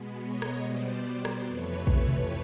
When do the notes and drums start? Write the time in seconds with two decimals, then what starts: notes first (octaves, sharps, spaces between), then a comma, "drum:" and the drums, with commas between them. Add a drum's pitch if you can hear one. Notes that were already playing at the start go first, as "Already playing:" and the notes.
Already playing: B2 G#3 B3
0.21 C#5 D#5
0.42 drum: rim click
0.62 B2 G3 B3 C5 D5
1.25 drum: rim click
1.45 F2 C3 E3 A3 B4 C#5
1.87 drum: kick
2.08 drum: tom B2